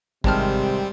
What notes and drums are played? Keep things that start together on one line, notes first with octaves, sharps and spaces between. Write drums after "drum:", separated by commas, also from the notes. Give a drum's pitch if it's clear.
G#1 G#2 C3 D#3 G3 C4 A5 F6, drum: kick A1